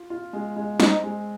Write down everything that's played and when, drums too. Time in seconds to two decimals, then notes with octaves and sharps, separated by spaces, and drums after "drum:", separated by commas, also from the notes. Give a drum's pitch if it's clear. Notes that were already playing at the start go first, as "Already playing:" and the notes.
Already playing: F4
0.10 F4
0.33 G#3
0.56 G#3
0.80 C4 D#4, drum: snare
1.03 G#3